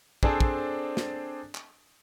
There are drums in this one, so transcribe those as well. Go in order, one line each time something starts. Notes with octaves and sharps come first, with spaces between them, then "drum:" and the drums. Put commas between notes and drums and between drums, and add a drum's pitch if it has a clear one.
C4 D4 G#4 A4 C5 D5, drum: kick
drum: kick
drum: snare
drum: clap